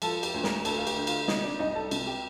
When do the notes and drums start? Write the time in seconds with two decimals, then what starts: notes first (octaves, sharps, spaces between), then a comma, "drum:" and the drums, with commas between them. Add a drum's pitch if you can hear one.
0.02 F3 A4 A5, drum: cymbal
0.23 G4 G5, drum: cymbal
0.34 D2
0.44 A#4 A#5, drum: snare
0.65 D2 A4 A5, drum: cymbal
0.78 F5
0.87 G4 G5, drum: cymbal
0.97 D3
1.07 F4 F5, drum: cymbal
1.28 C3 D#4 D#5, drum: snare
1.44 D4 D5
1.59 C2 D#4 D#5
1.75 A4 A5
1.91 C3, drum: cymbal
2.07 G4 G5